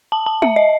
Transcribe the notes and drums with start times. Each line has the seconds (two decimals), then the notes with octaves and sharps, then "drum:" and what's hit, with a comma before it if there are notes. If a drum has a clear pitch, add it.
0.12 A5
0.26 A5
0.42 E5, drum: tom
0.56 D#5